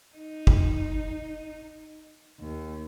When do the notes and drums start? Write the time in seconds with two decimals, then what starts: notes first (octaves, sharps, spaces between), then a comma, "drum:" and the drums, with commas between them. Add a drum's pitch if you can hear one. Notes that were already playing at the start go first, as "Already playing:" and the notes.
0.16 D#4
0.47 drum: kick
2.40 D#2